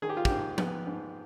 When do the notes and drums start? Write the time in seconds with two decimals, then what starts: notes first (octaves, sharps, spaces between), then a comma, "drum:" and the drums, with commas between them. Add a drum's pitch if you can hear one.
0.02 D#3 G#4
0.09 G4
0.17 F4
0.25 G4, drum: kick
0.30 G#2
0.58 B3, drum: tom F3
0.87 G#2